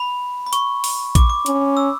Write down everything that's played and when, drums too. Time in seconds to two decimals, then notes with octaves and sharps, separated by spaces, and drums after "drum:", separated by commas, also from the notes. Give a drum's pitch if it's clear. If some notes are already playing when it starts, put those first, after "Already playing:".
Already playing: B5
0.47 B5
0.53 C#6, drum: hi-hat
0.84 drum: open hi-hat
1.15 D6, drum: kick A#1, hi-hat
1.30 D6
1.46 C#4, drum: hi-hat
1.77 E6